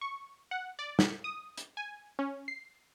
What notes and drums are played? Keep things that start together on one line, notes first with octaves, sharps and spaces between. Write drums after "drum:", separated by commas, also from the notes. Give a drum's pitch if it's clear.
C#6
F#5
D5
drum: snare
D#6
drum: hi-hat
G#5
C#4
C7